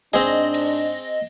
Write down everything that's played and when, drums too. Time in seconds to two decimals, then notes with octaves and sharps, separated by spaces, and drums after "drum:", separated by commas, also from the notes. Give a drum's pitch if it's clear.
0.14 G#2 C4 D4 G#4 D#5
0.54 drum: cymbal